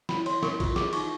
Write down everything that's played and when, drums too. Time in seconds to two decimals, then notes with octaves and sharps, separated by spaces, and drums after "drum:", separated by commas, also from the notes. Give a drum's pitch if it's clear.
0.09 E4 B5, drum: snare
0.26 C#5 C6, drum: cymbal
0.43 A#4 C#6, drum: snare
0.60 F4, drum: kick, cymbal
0.76 G#4 D6, drum: snare
0.93 D#4 C#6, drum: cymbal